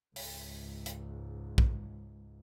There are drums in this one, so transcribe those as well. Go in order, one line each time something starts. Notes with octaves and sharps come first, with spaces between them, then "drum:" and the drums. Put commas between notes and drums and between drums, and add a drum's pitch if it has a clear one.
C#2 G#2, drum: open hi-hat
drum: hi-hat
drum: kick